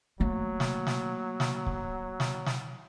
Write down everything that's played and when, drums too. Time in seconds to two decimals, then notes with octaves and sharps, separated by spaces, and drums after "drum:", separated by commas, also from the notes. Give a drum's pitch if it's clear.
0.20 F#3 A3 A#3
0.60 drum: snare
0.87 drum: snare
1.40 drum: snare
1.67 drum: kick C#1
2.20 drum: snare
2.46 drum: snare